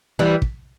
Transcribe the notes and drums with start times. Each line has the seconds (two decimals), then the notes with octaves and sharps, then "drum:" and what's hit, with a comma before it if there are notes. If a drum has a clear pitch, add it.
0.19 E3 G3
0.42 drum: kick